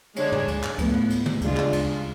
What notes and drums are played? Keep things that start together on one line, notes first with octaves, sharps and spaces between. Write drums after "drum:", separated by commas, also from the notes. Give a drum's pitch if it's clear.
D3 G#3 D4 G#4 C#5, drum: cymbal
drum: tom
drum: kick D2, cymbal
drum: clap
A2 F3 B3, drum: kick D2, cymbal
drum: cymbal
drum: tom
C#3 G#3 D4 F4, drum: kick D2, cymbal
drum: clap
drum: kick D2, cymbal